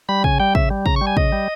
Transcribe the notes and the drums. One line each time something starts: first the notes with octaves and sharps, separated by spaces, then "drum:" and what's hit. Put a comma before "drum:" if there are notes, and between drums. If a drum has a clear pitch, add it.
G3 B5
C#3 G#5, drum: kick
G3 G5
C#3 E5, drum: kick
G3
C#3 A#5, drum: kick
C#6
G3
G#5
C#3 D#5, drum: kick
G3